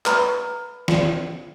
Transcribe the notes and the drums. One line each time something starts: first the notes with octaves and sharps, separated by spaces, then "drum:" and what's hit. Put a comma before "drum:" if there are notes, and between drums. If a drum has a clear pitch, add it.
B4 A#5 B5, drum: clap
drum: snare